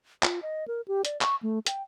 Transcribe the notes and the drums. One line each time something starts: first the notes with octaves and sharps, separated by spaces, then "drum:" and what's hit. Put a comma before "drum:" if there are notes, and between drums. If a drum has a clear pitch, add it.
F4, drum: clap
D#5
A#4
G4
D5, drum: hi-hat
C#6, drum: clap
A3
G5, drum: hi-hat